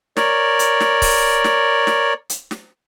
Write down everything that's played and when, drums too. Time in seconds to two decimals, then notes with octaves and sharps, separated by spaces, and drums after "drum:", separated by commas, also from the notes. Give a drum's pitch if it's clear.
0.17 A#4 C#5 D5, drum: snare
0.59 drum: hi-hat
0.80 drum: snare
1.02 drum: kick C#1, open hi-hat
1.44 drum: snare
1.87 drum: snare
2.30 drum: hi-hat
2.51 drum: snare